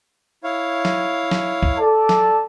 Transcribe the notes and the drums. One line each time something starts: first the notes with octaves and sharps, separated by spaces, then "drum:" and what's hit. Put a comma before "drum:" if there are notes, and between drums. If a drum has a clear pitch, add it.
E4 C#5 F5
drum: snare
drum: snare
drum: kick
A4 D5 A5
drum: snare